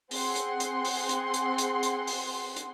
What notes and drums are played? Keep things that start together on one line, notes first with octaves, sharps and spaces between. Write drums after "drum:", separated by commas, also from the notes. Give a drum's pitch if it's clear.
C4 G#4 F#5 C6, drum: open hi-hat
drum: hi-hat
drum: hi-hat
drum: open hi-hat
drum: hi-hat
drum: hi-hat
drum: hi-hat
drum: hi-hat
drum: open hi-hat
drum: hi-hat